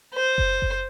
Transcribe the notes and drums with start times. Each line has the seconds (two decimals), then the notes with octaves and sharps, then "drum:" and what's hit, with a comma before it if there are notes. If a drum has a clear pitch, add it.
0.14 C5
0.38 drum: kick F#1
0.62 drum: kick F#1